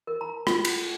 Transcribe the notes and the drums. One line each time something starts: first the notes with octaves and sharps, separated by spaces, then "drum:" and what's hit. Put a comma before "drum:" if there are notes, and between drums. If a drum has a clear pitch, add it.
A#4
A#5
F4, drum: rim click
drum: cymbal